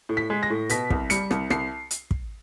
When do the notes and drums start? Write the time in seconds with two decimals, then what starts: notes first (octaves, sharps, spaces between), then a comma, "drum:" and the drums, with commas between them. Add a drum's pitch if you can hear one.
0.09 A2
0.17 B6
0.30 G#3
0.43 A#6
0.50 A2
0.69 B2 B6, drum: hi-hat
0.90 C2, drum: kick
1.10 G3 C#7, drum: hi-hat
1.31 C2, drum: rim click
1.50 C2 C7, drum: rim click
1.91 drum: hi-hat
2.11 drum: kick